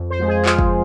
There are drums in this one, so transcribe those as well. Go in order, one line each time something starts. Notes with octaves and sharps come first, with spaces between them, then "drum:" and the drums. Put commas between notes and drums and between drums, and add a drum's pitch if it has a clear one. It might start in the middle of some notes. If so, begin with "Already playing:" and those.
Already playing: F2
C5
F3 G#3
G#4
F2 F4, drum: clap
drum: kick